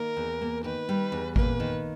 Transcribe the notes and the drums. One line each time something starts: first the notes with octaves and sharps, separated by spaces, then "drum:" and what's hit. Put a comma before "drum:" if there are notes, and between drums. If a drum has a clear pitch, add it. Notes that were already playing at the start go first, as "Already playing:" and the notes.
Already playing: D#3 A#3 A#4
E2
A#3
D#3 B4
G3
E2
A#3 B4, drum: kick G#1
D#3